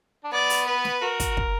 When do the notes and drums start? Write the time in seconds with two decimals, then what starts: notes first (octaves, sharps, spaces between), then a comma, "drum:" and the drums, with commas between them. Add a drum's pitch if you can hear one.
0.24 D4
0.32 B3 D5
0.50 drum: open hi-hat
0.67 B4
0.85 drum: snare
1.02 F#4 A#4
1.20 drum: kick, hi-hat
1.37 drum: kick